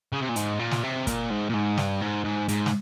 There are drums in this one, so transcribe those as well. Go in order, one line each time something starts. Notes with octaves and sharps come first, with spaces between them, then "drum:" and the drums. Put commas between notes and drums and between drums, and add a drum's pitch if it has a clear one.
C#3
C3
A#2
G#2, drum: hi-hat
A#2
drum: snare
C3
A#2, drum: kick, hi-hat
G#2
A#2
G#2
G2, drum: snare
G#2
G#2
G#2, drum: hi-hat
drum: snare